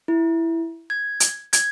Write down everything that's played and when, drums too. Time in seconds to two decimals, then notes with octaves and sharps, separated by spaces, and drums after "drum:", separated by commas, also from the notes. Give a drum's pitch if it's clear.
0.08 E4
0.90 G#6
1.20 drum: hi-hat
1.53 G#6, drum: hi-hat